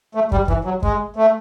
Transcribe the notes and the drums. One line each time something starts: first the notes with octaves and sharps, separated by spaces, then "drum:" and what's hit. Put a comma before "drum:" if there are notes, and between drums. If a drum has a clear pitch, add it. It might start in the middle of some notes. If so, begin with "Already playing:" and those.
A3
G3, drum: kick
E3, drum: kick
F#3
G#3, drum: kick
A3